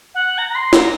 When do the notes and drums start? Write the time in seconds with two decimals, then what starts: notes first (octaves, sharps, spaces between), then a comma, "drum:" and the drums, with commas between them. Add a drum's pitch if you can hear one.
0.15 F#5
0.38 A#5
0.50 A#5
0.55 C6
0.73 A#5, drum: snare